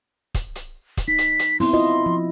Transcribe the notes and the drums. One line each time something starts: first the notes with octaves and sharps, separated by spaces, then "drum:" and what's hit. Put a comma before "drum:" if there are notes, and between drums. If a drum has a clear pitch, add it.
drum: kick, hi-hat
drum: hi-hat
drum: kick, hi-hat
D#4 B6
drum: hi-hat
drum: hi-hat
B3 C4 E4 C6, drum: open hi-hat
E4 F4 D#5
F3